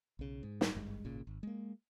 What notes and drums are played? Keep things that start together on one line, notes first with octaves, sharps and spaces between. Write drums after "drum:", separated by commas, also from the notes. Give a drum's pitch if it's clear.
B1 C#3
G#2
drum: snare
G#1 G2 G#3
G#1 A#2 C#3
G#1
G#3 A#3